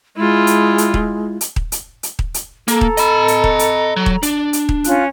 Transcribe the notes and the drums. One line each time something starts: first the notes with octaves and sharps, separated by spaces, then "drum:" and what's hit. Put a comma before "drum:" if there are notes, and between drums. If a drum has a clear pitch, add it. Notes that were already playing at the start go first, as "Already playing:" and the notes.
G#3 E4 F4
drum: hi-hat
drum: hi-hat
drum: kick D#1
drum: hi-hat
drum: kick D#1
drum: hi-hat
drum: hi-hat
drum: kick D#1
drum: hi-hat
A#3 A4 A#5, drum: hi-hat
drum: kick D#1
D#5 B5, drum: hi-hat
drum: hi-hat
drum: kick D#1
drum: hi-hat
F#3
drum: kick D#1
D4, drum: hi-hat
drum: hi-hat
drum: kick D#1
C#4 F4 F#6, drum: hi-hat